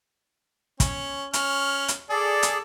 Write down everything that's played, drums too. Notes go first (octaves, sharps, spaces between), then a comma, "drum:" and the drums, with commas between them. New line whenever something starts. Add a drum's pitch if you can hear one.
C#4, drum: kick, hi-hat
C#4 F6, drum: hi-hat
drum: hi-hat
G#4 A4 D5
drum: hi-hat